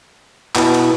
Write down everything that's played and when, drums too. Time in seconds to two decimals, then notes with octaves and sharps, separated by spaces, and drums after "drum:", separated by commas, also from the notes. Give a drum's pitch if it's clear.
0.56 B2 E4, drum: clap
0.74 drum: cymbal